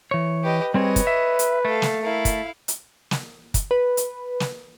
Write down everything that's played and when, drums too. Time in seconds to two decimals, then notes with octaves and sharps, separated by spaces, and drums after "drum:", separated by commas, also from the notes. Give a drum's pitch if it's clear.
0.11 E3 C#5
0.44 G4 B4 D#5
0.74 G3 C4 G#4 B4 C#5 D#5
0.96 drum: kick, hi-hat
1.07 E5
1.39 drum: hi-hat
1.65 A3 A4 F5
1.82 drum: snare
2.03 E4 A#4 F5
2.25 drum: kick, hi-hat
2.68 drum: hi-hat
3.11 drum: snare
3.54 drum: kick, hi-hat
3.71 B4
3.97 drum: hi-hat
4.40 drum: snare